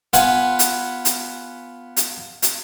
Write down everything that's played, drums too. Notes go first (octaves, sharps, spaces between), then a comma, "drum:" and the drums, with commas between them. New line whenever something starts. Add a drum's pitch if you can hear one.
B3 F4 B4 F#5 G#5 B5, drum: hi-hat
drum: hi-hat
drum: hi-hat
drum: hi-hat
drum: hi-hat